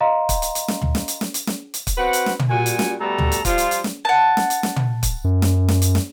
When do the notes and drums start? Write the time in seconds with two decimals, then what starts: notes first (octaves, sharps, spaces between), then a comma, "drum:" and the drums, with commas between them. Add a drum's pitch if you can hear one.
0.01 D#5 F5 A#5 C6
0.29 drum: kick, hi-hat
0.42 drum: hi-hat
0.55 drum: hi-hat
0.68 drum: snare
0.81 drum: tom
0.95 drum: snare
1.08 drum: hi-hat
1.21 drum: snare
1.34 drum: hi-hat
1.47 drum: snare
1.74 drum: hi-hat
1.87 drum: kick, hi-hat
1.97 C4 F#4 B4 F#5
2.13 drum: hi-hat
2.26 drum: snare
2.39 drum: tom
2.49 A#2 G3 F#4 G#5
2.66 drum: hi-hat
2.79 drum: snare
2.99 B2 G3 A3 A4 A#5
3.18 drum: tom
3.32 drum: hi-hat
3.45 F3 G3 F4, drum: kick, hi-hat
3.58 drum: hi-hat
3.71 drum: hi-hat
3.84 drum: snare
4.05 F#5 A5
4.37 drum: snare
4.50 drum: hi-hat
4.63 drum: snare
4.76 drum: tom
5.03 drum: kick, hi-hat
5.24 F#2
5.42 drum: snare
5.68 drum: snare
5.82 drum: hi-hat
5.95 drum: snare